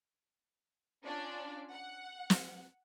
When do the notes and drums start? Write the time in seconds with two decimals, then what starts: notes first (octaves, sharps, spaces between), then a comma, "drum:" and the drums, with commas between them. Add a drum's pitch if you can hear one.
1.03 C#4 D4 F4 D5
1.72 F#5
2.30 drum: snare